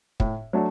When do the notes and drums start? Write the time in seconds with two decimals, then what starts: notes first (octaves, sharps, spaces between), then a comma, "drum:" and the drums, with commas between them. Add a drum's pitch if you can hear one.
0.20 A2, drum: kick
0.53 F#3 A3 D4